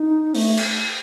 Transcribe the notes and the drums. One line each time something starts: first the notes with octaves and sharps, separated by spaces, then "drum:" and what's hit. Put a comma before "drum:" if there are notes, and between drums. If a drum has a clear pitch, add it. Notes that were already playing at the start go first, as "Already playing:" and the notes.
Already playing: D#4
A3, drum: open hi-hat
drum: cymbal